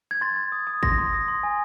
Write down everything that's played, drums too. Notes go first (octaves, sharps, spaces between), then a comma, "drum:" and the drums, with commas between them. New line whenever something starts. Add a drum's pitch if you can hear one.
G#6
C6 A6
C6
D#6
D#6
C6 A#6, drum: kick
C6
D#6
C6
G#5